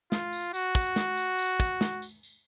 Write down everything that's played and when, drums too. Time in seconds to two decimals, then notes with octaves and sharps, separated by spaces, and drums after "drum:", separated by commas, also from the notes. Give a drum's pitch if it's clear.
0.12 F4, drum: snare
0.33 drum: tambourine
0.54 F#4, drum: tambourine
0.75 drum: kick, tambourine
0.96 drum: snare
1.17 drum: tambourine
1.39 drum: tambourine
1.60 drum: kick, tambourine
1.81 drum: snare
2.02 drum: tambourine
2.23 drum: tambourine